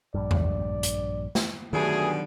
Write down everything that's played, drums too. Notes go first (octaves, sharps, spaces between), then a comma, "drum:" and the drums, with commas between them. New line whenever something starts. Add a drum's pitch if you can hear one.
A#1 G2 D5
drum: tom E2
drum: hi-hat
drum: snare
G2 B2 D3 D#3 F#3 A3 G#4